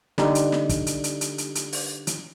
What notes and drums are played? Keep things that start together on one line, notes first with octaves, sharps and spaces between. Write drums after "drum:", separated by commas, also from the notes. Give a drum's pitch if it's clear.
D3 G3 D#4, drum: snare
drum: hi-hat
drum: snare
drum: kick, hi-hat
drum: hi-hat
drum: hi-hat
drum: hi-hat
drum: hi-hat
drum: hi-hat
drum: open hi-hat
drum: hi-hat